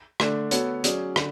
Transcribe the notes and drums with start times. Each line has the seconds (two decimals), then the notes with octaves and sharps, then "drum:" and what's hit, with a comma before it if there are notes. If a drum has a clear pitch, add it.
0.20 D3 A3 D4, drum: rim click
0.51 B3 F#4 A4 C#5, drum: hi-hat
0.84 F#3 C#4 G#4 D5, drum: hi-hat
1.16 D3, drum: rim click